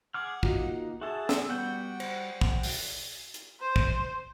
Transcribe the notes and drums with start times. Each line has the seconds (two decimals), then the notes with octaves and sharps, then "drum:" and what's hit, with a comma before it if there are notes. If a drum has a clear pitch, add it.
0.14 G#4 F#5 D6 F6
0.43 A#3 D#4 F4 F#4, drum: kick
1.01 F#4 G#4 A4 E5 A5
1.29 E6, drum: snare
1.49 G3 B3 F#4 F#5 G5 G6
2.00 C5, drum: cymbal
2.41 drum: kick
2.63 drum: open hi-hat
3.34 drum: hi-hat
3.60 C5
3.76 drum: kick